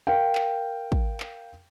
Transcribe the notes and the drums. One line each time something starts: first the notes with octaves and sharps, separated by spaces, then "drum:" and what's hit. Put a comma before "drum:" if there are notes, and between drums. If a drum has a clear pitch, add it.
A#4 F5 G5
drum: clap
drum: kick
drum: clap